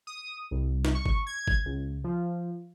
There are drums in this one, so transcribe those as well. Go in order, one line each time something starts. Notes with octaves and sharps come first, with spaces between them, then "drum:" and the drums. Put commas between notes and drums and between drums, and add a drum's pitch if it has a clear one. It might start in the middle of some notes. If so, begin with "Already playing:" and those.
D#6
C2
drum: snare
C#6
drum: kick G1
G#6
drum: kick G1
C#2
F3